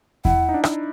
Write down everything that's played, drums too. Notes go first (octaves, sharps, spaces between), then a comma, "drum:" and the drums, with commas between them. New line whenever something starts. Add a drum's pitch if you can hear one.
E4 F#5, drum: kick E2
D#4
D4
drum: rim click